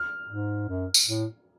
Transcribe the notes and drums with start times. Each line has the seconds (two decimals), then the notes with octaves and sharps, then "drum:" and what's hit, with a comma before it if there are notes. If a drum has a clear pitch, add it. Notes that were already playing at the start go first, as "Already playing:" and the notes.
Already playing: F6
0.29 G#2
0.68 F#2
0.94 drum: tambourine
1.07 A2